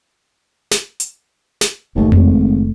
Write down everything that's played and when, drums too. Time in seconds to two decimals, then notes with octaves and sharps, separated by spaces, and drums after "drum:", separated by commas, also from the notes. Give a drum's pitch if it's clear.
0.71 drum: snare
1.00 drum: hi-hat
1.61 drum: snare
1.96 F#1 D#2 A3
2.12 G#1, drum: tom F2